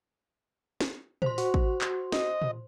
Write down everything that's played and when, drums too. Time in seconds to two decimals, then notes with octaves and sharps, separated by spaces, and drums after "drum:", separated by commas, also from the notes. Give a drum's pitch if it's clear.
0.81 drum: snare
1.22 C5 C6, drum: tom
1.38 F#4, drum: open hi-hat
1.54 drum: kick
1.81 drum: clap
2.12 D#5, drum: snare
2.42 drum: tom